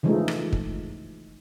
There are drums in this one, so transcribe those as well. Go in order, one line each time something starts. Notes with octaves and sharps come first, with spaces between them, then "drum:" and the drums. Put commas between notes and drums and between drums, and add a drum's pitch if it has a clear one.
C#3 E3 F3 G#3 A3 D#4
drum: rim click
drum: kick